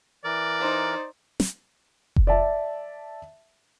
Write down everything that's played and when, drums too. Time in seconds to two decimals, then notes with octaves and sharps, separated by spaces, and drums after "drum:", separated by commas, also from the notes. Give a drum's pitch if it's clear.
0.25 E3 A#4 D5
0.60 D#4 C5
1.40 drum: snare
2.16 drum: kick F1
2.27 D5 E5 A5